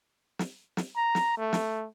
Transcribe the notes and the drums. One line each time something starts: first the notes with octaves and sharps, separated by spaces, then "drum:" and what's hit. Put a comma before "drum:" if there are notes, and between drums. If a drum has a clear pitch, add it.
drum: snare
drum: snare
A#5
drum: snare
A3
drum: snare